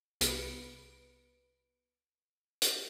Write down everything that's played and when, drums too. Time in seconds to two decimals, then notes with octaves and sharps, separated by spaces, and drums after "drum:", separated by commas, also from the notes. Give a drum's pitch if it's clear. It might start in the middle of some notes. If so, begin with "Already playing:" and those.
0.21 C2 B3 B4 C#7 D7, drum: hi-hat
2.62 drum: hi-hat